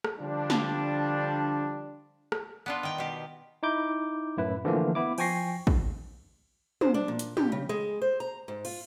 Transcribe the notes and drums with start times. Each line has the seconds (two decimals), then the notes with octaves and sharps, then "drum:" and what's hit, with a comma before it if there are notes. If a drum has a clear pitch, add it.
0.04 drum: rim click
0.20 D3 F3 G3 D4
0.50 drum: snare
2.32 drum: rim click
2.66 B3 D4 F4
2.83 D#3 G5
2.98 B2 G4
3.63 D#4 E4 D6 G6
4.37 F#2 A2 E4 B4
4.65 D3 E3 F3 A3 A#3
4.95 B3 E4 D6
5.18 F3 G5 G#5 C#6 A#6 C7, drum: cymbal
5.67 drum: kick
6.81 C5, drum: tom
6.94 D4
7.08 A#2
7.19 drum: hi-hat
7.37 G4, drum: tom
7.52 C#3
7.69 G#3
8.02 C5
8.20 A#5
8.48 G#2
8.65 F4, drum: cymbal